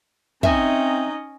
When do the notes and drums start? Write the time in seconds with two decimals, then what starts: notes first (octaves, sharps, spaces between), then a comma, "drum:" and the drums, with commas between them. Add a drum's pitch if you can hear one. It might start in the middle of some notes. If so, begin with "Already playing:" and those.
0.43 C4 C#4 D#4 D#5 E5 G#5, drum: kick